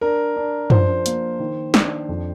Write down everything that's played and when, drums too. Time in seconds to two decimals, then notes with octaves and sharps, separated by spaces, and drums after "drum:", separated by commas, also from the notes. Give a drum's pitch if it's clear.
0.01 D4 A#4
0.36 D4
0.70 F3 C5, drum: tom F#2
1.06 A#3, drum: hi-hat
1.39 D#3
1.74 D4, drum: snare
2.09 F2